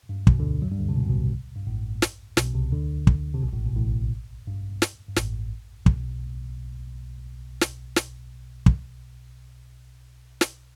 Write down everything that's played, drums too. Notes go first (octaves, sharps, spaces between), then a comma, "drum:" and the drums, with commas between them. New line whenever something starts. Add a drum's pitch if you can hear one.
G2
B1 B2, drum: kick
D2 D3
F#2 F#3
G2 G3
D2 D3
C3
B2
A2
B1 B2
G2
A1 A2
drum: snare
B1 B2, drum: snare
C2 C3
D2 D3
drum: kick
C3
B1 B2
A1 A2
B1 B2
A1 A2
G2
drum: snare
G2
A1 A2, drum: snare
B1 B2, drum: kick
drum: snare
drum: snare
drum: kick
drum: snare